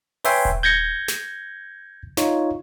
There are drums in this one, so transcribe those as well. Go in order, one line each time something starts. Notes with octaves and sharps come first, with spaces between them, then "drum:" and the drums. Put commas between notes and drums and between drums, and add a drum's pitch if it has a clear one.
B4 C#5 E5 G5 G#5 C6, drum: open hi-hat
drum: kick D#1
G6 G#6 A#6 C#7
drum: snare
D#4 F4 C#5, drum: snare